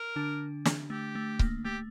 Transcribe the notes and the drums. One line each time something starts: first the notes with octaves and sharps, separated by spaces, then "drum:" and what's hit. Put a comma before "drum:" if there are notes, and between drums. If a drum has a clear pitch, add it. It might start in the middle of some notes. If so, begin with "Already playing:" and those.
Already playing: A#4
D3 D4
drum: snare
A3 G4
A3
A#3, drum: kick C#1
A3 G4